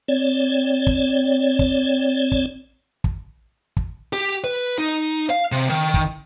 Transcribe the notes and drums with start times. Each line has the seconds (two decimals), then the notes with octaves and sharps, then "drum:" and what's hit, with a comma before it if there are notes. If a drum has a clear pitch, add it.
0.08 C4 C#5 D5
0.87 drum: kick
1.59 drum: kick
2.32 drum: kick
3.04 drum: kick
3.77 drum: kick
4.13 G4
4.44 B4
4.78 D#4
5.30 F5
5.52 C3
5.70 D#3
5.94 drum: kick